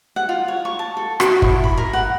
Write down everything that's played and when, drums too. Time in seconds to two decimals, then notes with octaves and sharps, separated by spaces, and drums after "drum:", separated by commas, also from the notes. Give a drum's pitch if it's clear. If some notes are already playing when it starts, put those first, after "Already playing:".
0.16 F#5
0.29 F4
0.48 C#5
0.65 C#6
0.79 A5
0.97 A4
1.20 F#4, drum: rim click
1.42 E4, drum: kick
1.64 B5
1.78 A#4
1.93 F#5